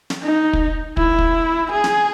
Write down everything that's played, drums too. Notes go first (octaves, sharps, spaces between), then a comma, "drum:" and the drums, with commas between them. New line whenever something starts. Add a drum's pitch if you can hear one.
drum: snare
D#4
drum: kick
E4, drum: kick
drum: kick
G#4
drum: snare